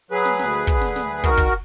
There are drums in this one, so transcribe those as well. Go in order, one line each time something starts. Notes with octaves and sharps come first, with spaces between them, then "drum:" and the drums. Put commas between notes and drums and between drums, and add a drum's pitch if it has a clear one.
F#3 G#4 B4
drum: snare
D2, drum: snare
D3, drum: kick
drum: snare
D2, drum: snare
D#3 F#4 A#4, drum: kick
drum: kick